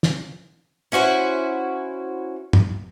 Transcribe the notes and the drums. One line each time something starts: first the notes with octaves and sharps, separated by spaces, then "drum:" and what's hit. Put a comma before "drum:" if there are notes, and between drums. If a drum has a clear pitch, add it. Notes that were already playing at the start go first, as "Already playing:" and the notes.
drum: snare
C#4 E4 F#4 C5
drum: tom